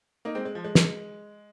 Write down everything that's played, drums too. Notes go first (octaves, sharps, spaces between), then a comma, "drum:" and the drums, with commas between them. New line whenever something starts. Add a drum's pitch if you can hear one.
A#3 D#4
G#3 C4
G#3
F3
G#3
drum: snare